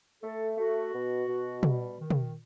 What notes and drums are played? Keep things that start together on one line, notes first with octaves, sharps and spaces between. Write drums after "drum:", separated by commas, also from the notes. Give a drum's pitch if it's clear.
A3 A4
A3 F#4
B2
B2
G3, drum: tom
D#3
drum: tom